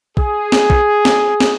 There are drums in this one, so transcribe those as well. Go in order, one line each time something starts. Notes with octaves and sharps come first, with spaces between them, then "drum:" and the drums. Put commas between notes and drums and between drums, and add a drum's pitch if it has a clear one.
G#4, drum: kick
drum: snare
drum: kick
drum: snare
drum: snare